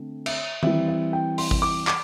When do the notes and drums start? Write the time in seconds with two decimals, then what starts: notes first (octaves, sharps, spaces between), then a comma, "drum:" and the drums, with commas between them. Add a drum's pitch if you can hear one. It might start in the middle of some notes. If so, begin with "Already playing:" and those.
Already playing: D3 A3 C4
0.26 E5, drum: cymbal
0.63 E3 G3 C4 E5, drum: tom D#3
0.88 E5
1.13 G5
1.38 C6, drum: open hi-hat
1.51 drum: kick G#1
1.62 D6
1.87 D6, drum: clap